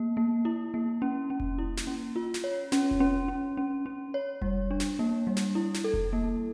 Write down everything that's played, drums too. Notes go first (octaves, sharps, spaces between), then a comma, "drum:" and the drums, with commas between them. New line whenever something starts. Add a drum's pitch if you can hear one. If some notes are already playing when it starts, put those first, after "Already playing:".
Already playing: A#3
A#3
E4
A#3
C#4
C#4
drum: kick F1
E4
drum: snare
C#4
F4
drum: snare
C#5
C#4, drum: snare
drum: kick F1
C#4
C#4
C#4
C#4
C#5
G3, drum: kick F1
D4
drum: snare
A#3
G3
drum: snare
E4
drum: snare
A4
drum: kick F1
A#3